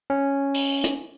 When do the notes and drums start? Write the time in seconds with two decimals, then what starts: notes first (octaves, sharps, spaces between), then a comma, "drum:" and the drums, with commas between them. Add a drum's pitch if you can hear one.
0.10 C#4
0.54 drum: open hi-hat
0.84 drum: hi-hat